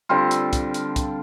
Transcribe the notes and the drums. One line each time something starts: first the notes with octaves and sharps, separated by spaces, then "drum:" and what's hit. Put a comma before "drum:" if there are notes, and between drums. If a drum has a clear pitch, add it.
D3 G3 C4 F4
drum: hi-hat
drum: kick, hi-hat
drum: hi-hat
drum: kick, hi-hat